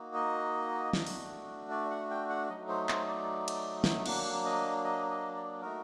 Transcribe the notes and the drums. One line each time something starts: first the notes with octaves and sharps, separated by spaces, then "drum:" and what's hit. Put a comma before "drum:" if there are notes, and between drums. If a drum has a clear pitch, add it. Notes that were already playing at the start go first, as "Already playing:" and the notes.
Already playing: A#3 D#4 F#4
D#5
A3 D4 F#4, drum: snare
drum: open hi-hat
D5
F#5
G5
F#5
F#3 A3 D#4 D#5
C5
C5, drum: clap
D5
drum: cymbal
drum: snare
F#3 A#3 D4 F#5, drum: cymbal
D#5
D#5
D#5
D5
A3 D#4 F#4 A#4